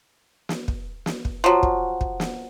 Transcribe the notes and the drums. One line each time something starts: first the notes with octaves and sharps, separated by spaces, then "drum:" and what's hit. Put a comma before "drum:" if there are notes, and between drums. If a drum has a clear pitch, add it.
drum: snare
drum: kick
drum: snare
drum: kick
F3 F#3
drum: kick
drum: kick
drum: snare